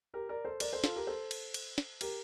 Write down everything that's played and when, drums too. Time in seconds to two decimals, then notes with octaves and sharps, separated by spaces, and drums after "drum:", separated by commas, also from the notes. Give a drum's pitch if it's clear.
0.14 G4 A#4
0.29 A#4 D5
0.45 A4 C5
0.60 A#4 D5, drum: cymbal
0.73 A4 C5
0.84 F4 A4, drum: snare
0.96 G4 A#4
1.07 A4 C5
1.31 drum: cymbal
1.54 drum: cymbal
1.78 drum: snare
2.01 G4 A#4, drum: cymbal